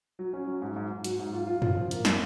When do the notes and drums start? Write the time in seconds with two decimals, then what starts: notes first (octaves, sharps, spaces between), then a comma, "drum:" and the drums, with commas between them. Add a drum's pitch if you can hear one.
0.19 F#3
0.33 C#4
0.47 F#3
0.62 G#2
0.76 G#2
0.90 G#2
1.04 F#3, drum: hi-hat
1.19 G#2
1.33 F4
1.47 F4
1.62 F4, drum: tom F#2
1.76 F3
1.91 A#3, drum: hi-hat
2.05 A#3, drum: snare